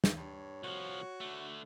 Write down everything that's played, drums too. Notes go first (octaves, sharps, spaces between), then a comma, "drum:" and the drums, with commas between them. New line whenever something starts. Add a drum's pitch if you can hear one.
drum: snare
G2 C#5
C2 F3 F#4
D3 A3